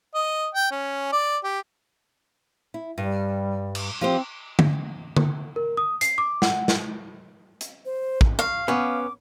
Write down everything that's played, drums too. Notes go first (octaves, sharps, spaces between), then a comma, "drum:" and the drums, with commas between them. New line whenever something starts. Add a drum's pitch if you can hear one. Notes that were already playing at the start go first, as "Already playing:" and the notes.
D#5
G5
C#4
D5
G4
E4
G2 G3
drum: cymbal
F3 C4 G4 C5
drum: tom D3
drum: tom D3
A#4
D#6
C7, drum: hi-hat
D6
F#5, drum: snare
drum: snare
drum: hi-hat
C5
drum: kick
F5 C#6
B3 C#4 D6